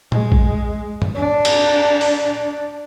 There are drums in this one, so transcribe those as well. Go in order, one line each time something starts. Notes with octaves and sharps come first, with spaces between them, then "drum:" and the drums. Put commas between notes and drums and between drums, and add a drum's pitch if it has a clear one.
G#3, drum: tom
drum: kick A#1
drum: tom G2
D4
drum: cymbal
drum: open hi-hat